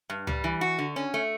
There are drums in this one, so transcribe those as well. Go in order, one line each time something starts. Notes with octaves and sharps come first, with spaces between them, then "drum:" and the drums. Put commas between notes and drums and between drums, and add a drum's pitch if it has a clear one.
G2
G3, drum: tom C#2
E3
F#4
D3
C#4
A3